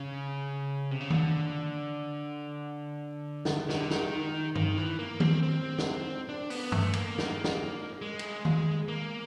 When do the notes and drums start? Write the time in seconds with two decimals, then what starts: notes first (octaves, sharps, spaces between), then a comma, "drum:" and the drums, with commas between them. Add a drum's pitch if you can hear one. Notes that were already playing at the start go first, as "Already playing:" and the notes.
Already playing: C#3
0.91 C3
1.00 C#3
1.10 D3, drum: tom D#3
3.45 drum: snare
3.69 D#3, drum: snare
3.80 D3
3.90 D#3, drum: snare
4.55 D#3, drum: tom G2
4.77 E3
4.99 A#3
5.20 C4, drum: tom D#3
5.43 C4
5.78 drum: snare
6.29 D4
6.50 B3, drum: open hi-hat
6.72 A3, drum: tom G2
6.93 A#3, drum: cymbal
7.18 drum: snare
7.44 drum: snare
8.02 G#3
8.19 drum: cymbal
8.45 drum: tom D#3
8.88 A#3